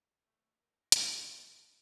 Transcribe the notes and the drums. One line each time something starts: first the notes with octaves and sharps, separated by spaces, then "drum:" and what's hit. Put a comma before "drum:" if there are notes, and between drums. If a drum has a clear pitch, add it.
A3
A#4
drum: hi-hat
A#4